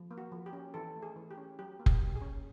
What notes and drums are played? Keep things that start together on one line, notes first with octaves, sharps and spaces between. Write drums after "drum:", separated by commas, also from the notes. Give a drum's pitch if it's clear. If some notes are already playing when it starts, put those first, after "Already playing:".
Already playing: F3
A#3
F#4
F3
G4
C#4
E3 A4
A3
G#4
E3
G4
C#4
F#3 G4
A#3
G4, drum: kick F1
F#3
G#4
C#4